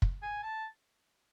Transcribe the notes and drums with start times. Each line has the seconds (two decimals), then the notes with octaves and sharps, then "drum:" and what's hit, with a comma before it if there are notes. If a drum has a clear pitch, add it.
0.02 drum: kick
0.22 G#5
0.43 A5